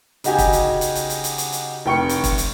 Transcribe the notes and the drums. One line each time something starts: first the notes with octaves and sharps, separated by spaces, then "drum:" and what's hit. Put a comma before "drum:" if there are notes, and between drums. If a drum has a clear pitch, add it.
C#3 D#4 F#4 G4 G#5, drum: hi-hat
drum: kick, hi-hat
drum: hi-hat
drum: hi-hat
drum: hi-hat
drum: hi-hat
drum: hi-hat
drum: hi-hat
drum: hi-hat
F1 G5 C#6 C#7
drum: hi-hat
drum: kick, hi-hat
drum: hi-hat